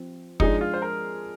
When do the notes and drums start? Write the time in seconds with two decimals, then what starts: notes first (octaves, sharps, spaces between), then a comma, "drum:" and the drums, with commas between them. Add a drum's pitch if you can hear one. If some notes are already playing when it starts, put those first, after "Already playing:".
Already playing: F3 C4
0.40 F3 G#3 D4 D#4 G#4, drum: kick
0.61 F4
0.74 C5
0.82 A#4